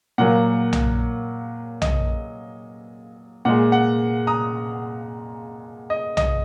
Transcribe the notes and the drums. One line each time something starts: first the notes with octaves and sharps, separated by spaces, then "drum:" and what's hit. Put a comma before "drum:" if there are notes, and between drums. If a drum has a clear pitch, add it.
A#2 F#3 A#3 F#5
drum: tom B1
D#5, drum: tom B1
A#2 G#3 F#5
F#5
A#5 D#6
D#5
D#5, drum: tom B1